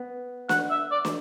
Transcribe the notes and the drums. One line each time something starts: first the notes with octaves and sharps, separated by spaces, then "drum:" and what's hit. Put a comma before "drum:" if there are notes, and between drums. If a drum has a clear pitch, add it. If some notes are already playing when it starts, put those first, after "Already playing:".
Already playing: B3
F#5, drum: snare
E5
D5
drum: snare